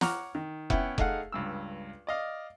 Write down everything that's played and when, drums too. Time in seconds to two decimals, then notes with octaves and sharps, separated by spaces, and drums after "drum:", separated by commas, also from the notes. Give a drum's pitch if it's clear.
0.01 C#5 F#5 A#5 C#6 D6 F6, drum: snare
0.35 D#3
0.70 B3 C#4 E4 F#5 G5, drum: kick F1
0.98 A3 D#4 G#4 F5 F#5 F6, drum: kick F1
1.32 C#2 G2 E6
2.07 D5 D#5 F5